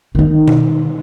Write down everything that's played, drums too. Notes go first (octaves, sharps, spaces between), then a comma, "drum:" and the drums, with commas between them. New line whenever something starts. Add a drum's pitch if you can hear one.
D#3 D#4
drum: tom B2